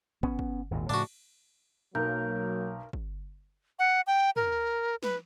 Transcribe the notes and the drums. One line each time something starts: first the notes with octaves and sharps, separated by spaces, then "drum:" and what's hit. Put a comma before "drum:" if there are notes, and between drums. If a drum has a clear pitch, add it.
B3 C#4, drum: kick
drum: kick
G#1 D#2 A#2
A2 C#3 F3 D4 F#4, drum: cymbal
B1 F#3 A#3 A#4 G6
drum: kick
F#5
G5
A#4, drum: tom
B4, drum: snare